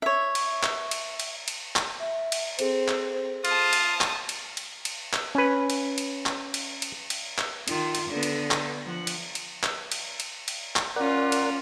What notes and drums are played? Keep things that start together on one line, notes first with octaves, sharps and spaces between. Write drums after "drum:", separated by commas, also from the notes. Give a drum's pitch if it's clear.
C#5 E5
drum: cymbal
drum: clap
drum: cymbal
drum: cymbal
drum: cymbal
drum: clap
E5
drum: cymbal
C4 G#4 A4 C5, drum: cymbal
drum: clap
F4 A5 D#6, drum: cymbal
drum: cymbal
drum: clap
drum: cymbal
drum: cymbal
drum: cymbal
drum: clap
C#4 B4
drum: cymbal
drum: cymbal
drum: clap
drum: cymbal
drum: cymbal
drum: cymbal
drum: clap
D#3 F4, drum: cymbal
drum: cymbal
D3 B3
drum: cymbal
drum: clap
F3 F#5
drum: cymbal
drum: cymbal
drum: clap
drum: cymbal
drum: cymbal
drum: cymbal
drum: clap
C#4 F4 A#4 D5 F#5
drum: cymbal